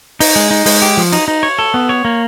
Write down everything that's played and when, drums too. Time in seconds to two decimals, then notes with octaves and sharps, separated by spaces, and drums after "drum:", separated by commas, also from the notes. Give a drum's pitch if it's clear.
0.20 D#4, drum: open hi-hat
0.36 G#3
0.51 D#4
0.66 G#3, drum: open hi-hat
0.82 G4
0.97 F3
1.13 D#4, drum: cymbal
1.28 D#4
1.43 C#5
1.59 A4
1.74 B3
1.89 C#5
2.05 A#3